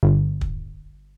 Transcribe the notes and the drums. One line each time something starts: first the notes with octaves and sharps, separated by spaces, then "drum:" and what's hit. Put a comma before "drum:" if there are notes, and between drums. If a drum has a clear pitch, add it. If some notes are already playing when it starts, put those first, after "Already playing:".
G1
drum: kick